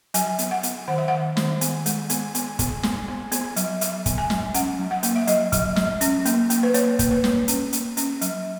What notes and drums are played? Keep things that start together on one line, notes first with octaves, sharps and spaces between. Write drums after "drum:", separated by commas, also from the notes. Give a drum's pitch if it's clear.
F#3 G#5, drum: hi-hat
B3, drum: hi-hat
F#5
B3, drum: hi-hat
D#3 F#5
E5
D#3 F#5
D#3, drum: snare
B3, drum: hi-hat
G#3, drum: hi-hat
B3, drum: hi-hat
B3, drum: hi-hat
B3, drum: kick, hi-hat
B3, drum: snare
B3
B3, drum: hi-hat
F#3, drum: hi-hat
F#3 E5, drum: hi-hat
B3, drum: kick, hi-hat
G#5
F#3, drum: snare
C#4 F#5, drum: hi-hat
F#3
F#5
A#3, drum: hi-hat
E5
F#3 D#5, drum: hi-hat
F#3, drum: kick, hi-hat
F#3, drum: snare
C#4, drum: hi-hat
A#3, drum: hi-hat
A#3, drum: hi-hat
B4
A#3 C#5, drum: hi-hat
A#3, drum: kick, hi-hat
B4
A#3, drum: snare
C#4, drum: hi-hat
A#3, drum: hi-hat
C#4, drum: hi-hat
F#3, drum: hi-hat